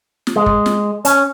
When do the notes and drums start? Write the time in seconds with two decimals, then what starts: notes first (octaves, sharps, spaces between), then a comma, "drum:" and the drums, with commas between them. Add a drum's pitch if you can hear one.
0.27 drum: snare
0.36 G#3
0.46 drum: kick
0.66 drum: snare
1.05 C#4, drum: hi-hat